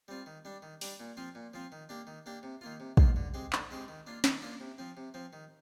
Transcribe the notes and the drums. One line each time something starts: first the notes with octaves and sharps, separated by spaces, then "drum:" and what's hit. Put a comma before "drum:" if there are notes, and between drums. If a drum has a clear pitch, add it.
G3 C4 F4
D#3
G3 D4
D#3
G3 D4, drum: open hi-hat
A#2
F3 C4 F4
A#2
F3 C4 F4
D#3
A#3 D4 G4
D#3
A#3 D4 G4
C3
D#3 A#3 F4
C3
D#3 A#3 F4, drum: kick
D3
G#3 C4 G4
D3, drum: clap
G#3 C4 G4
D#3
A#3 D4 F4
D#3, drum: snare
A#3 D4 F4
C3
F3 C4
C3
F3 C4
D#3